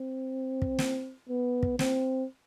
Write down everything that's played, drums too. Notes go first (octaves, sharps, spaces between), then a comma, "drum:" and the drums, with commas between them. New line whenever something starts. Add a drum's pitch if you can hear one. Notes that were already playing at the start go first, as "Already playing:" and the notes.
Already playing: C4
drum: kick
drum: snare
B3
drum: kick
C4, drum: snare